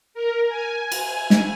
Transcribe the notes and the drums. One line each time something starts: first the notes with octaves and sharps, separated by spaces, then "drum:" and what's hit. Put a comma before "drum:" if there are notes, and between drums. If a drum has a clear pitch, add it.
A#4
G#5
drum: cymbal
drum: snare